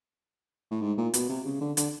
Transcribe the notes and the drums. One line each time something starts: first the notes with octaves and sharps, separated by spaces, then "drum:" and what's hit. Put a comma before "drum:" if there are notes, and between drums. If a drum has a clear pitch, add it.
A2
G#2
A#2
B2, drum: hi-hat
C3
C#3
D3
D3, drum: hi-hat